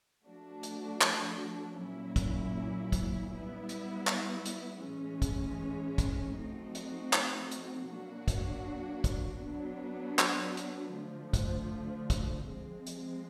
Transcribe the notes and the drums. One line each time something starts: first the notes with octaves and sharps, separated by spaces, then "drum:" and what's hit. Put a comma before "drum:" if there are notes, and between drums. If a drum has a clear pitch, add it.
F3 A3 D4 F#4
drum: hi-hat
drum: clap
A#2 F#3 A#3 C#4 E4
drum: kick, hi-hat
drum: kick, hi-hat
G3 B3 E4
drum: hi-hat
drum: clap
drum: hi-hat
A2 E3 G#3 C#4
drum: kick, hi-hat
drum: kick, hi-hat
F3 A3 C4 D#4 F#4
drum: hi-hat
drum: clap
drum: hi-hat
B2 F#3 A#3 D4 F#4
drum: kick, hi-hat
drum: kick, hi-hat
F#3 B3 D4
drum: clap
drum: hi-hat
D3 F3 A3
drum: kick, hi-hat
drum: kick, hi-hat
F3 G#3 C4
drum: hi-hat